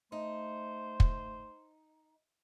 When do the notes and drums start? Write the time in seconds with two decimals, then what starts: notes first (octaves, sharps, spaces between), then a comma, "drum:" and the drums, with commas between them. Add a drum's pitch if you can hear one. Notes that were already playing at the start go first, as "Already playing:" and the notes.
0.12 A3 D#4 C5
1.00 drum: kick